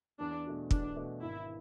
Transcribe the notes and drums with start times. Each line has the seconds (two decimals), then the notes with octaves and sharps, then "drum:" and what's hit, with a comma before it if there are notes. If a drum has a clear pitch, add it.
0.20 E2 D4
0.46 B2 A3 D4 F#4
0.71 E2 D4, drum: kick
0.96 B2 A3 D4 F#4
1.22 G#1 E4